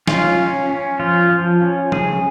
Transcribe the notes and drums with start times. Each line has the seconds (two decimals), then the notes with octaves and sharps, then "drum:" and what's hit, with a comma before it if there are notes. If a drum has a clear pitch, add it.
0.08 C#4 F4, drum: snare
0.39 C#4
0.69 C#4
0.99 F3 F4
1.31 F3
1.61 C#4
1.92 C#3 G#4, drum: tom